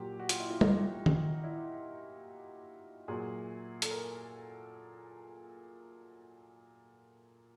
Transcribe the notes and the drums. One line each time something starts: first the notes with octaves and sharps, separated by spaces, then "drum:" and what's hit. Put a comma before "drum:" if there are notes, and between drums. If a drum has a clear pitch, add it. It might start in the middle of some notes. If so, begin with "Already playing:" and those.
Already playing: A#2 F#3 G4
F#4
F4, drum: hi-hat
E4
F4
D#4, drum: tom G3
drum: tom D#3
E4
A#2 F#3 G#4
A4, drum: hi-hat
A#4